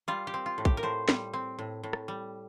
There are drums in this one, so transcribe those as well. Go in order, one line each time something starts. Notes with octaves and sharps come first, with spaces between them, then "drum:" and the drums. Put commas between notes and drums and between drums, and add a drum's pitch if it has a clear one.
G3 F4
G4
C4
F4
A2
G4, drum: kick
A#4
A2 C5
G3, drum: snare
C4
A2
A2
drum: rim click
G3